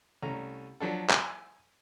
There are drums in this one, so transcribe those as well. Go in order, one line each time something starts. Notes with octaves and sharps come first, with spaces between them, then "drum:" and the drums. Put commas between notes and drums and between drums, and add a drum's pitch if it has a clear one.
C2 A3 C#4 A#5
F3 F#3 D4 A4
G#5 E6, drum: clap